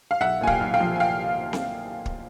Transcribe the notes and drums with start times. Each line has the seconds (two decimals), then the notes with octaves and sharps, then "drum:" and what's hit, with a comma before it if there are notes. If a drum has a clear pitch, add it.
0.11 F5
0.21 B1 E5 F#5
0.41 A#2 G#5
0.47 F5 G5, drum: kick
0.61 B1
0.74 F5 G5
0.80 F3
0.96 G#5
1.00 F5 G5
1.53 drum: snare C4
2.06 drum: kick